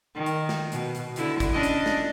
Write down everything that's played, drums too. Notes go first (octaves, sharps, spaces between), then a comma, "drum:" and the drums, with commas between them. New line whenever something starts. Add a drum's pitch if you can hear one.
D#3
drum: hi-hat
drum: snare
B2, drum: hi-hat
drum: hi-hat
D3 E4, drum: hi-hat
drum: kick, hi-hat
C#4 D4 D#5
drum: hi-hat
drum: snare